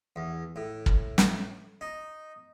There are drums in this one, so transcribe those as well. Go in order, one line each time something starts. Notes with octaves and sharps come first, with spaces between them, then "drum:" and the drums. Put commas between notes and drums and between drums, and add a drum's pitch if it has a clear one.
E2
A2
drum: kick
drum: snare
D#4